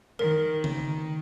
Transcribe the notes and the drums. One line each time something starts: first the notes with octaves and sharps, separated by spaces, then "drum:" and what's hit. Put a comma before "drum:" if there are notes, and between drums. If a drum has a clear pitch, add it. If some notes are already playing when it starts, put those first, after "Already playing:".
D#3 A#4
drum: tom C#3